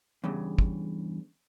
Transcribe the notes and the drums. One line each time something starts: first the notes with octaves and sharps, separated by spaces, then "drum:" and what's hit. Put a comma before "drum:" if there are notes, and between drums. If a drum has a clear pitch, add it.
E2 G2 C#3
drum: kick